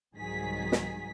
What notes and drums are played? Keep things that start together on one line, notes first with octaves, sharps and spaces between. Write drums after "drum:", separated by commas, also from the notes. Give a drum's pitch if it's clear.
C2 G#2 D#3 F#3 G#4 B6
drum: snare